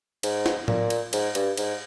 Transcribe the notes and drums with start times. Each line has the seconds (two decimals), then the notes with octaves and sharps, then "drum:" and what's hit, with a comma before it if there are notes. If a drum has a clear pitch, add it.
0.23 G#2, drum: cymbal
0.46 drum: snare
0.68 A#2, drum: tom A2
0.90 drum: cymbal
1.13 G#2, drum: cymbal
1.35 G2, drum: cymbal
1.57 G#2, drum: cymbal